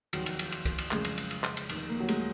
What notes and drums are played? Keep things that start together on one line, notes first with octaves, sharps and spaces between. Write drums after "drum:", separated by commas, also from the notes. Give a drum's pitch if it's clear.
F1 D#2 D#3 F#3, drum: cymbal
drum: cymbal
drum: cymbal
drum: cymbal
drum: kick, cymbal
drum: cymbal
F#1 F2 C#3 G#3, drum: clap
drum: cymbal
drum: cymbal
drum: cymbal
drum: clap
drum: cymbal
F1 D#2 D#3, drum: cymbal
A#3
F#3
G#3, drum: cymbal